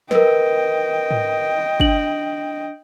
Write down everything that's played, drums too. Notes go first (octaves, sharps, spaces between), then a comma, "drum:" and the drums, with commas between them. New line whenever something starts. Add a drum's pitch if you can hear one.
A#4 B4 D#5 G5, drum: snare
drum: tom G#2
D4 F#7, drum: kick